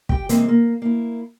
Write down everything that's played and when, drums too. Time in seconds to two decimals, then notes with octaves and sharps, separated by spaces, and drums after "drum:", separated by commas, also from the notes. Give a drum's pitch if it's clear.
0.09 G4 G5, drum: kick
0.29 C3 E3 G#3 A#3 C4, drum: hi-hat
0.48 A#3
0.82 A#3 E4